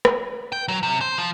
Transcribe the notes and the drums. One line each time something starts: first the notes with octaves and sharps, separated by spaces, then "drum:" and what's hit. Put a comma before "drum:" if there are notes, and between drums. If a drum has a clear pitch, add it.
drum: rim click
G5
F#3
C3
C5
F3